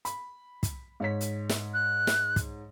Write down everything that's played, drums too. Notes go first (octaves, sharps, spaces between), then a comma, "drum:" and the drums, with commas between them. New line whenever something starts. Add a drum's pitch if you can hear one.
B5, drum: hi-hat
drum: kick, hi-hat
G#2 C#5 B6
drum: hi-hat
drum: snare
F#6
drum: snare
drum: kick, hi-hat